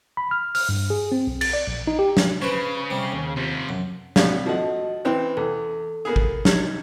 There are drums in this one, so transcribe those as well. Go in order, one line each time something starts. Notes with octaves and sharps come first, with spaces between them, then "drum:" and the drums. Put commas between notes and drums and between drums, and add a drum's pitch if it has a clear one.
B5
F6
F6, drum: open hi-hat
G2
G#4
C4
B1
A6, drum: cymbal
D5
A#1
D#4
G4
drum: snare
C#3 B4 C5
C3 G3
D#2
C3 F3
F#2
B1 A2 C4 D5 F5 B6, drum: snare
F3 A3 F#4 D#5 F#5
E3 C4 C#4 B4
E2 A4
A#3 B3 G#4
drum: kick A1
D#4 G#6, drum: snare